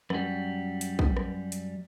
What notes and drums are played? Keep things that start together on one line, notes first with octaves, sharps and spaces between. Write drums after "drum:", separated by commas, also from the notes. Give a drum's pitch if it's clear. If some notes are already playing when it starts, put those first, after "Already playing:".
F#2 G3, drum: rim click
drum: hi-hat
drum: kick
drum: rim click
drum: hi-hat